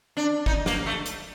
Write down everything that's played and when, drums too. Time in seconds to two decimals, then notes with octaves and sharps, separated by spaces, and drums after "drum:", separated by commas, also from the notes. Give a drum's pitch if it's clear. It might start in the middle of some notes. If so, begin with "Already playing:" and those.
0.17 D4
0.46 D#4, drum: kick
0.66 A#3, drum: snare
0.86 A3
1.06 drum: hi-hat